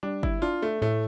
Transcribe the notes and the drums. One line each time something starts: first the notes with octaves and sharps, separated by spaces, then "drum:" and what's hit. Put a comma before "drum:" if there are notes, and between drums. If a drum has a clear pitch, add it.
G3 D4
E4, drum: kick G1
D4 F4
A3
A2 A3